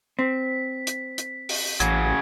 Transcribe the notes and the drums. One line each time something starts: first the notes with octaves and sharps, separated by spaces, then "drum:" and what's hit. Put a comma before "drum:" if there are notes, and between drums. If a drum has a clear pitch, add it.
C4 B6
drum: hi-hat
drum: hi-hat
drum: open hi-hat
A1 C#3 F#3 G#6, drum: hi-hat